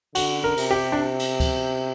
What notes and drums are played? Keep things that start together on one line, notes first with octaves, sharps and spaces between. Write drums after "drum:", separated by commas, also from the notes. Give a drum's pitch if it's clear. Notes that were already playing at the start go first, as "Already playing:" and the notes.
D3 F#4, drum: cymbal
A#4
C3, drum: cymbal
G4
D4
drum: cymbal
drum: kick D2, cymbal